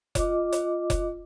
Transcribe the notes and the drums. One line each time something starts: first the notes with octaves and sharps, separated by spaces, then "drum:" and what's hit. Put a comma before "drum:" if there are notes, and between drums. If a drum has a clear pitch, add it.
F4 D#5 D6, drum: kick F1, hi-hat
drum: hi-hat
drum: kick F1, hi-hat